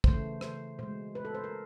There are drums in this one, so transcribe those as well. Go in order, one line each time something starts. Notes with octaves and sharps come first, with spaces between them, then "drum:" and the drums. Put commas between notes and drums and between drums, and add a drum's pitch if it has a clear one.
C#3 E3 A3 C5, drum: kick
C5, drum: rim click
B2 G#3 C5
B4
A4
C5
A#4